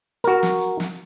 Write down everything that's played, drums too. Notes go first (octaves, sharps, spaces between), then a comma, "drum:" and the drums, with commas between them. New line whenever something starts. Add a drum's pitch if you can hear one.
F#4 A#4, drum: hi-hat
drum: snare
drum: hi-hat
drum: snare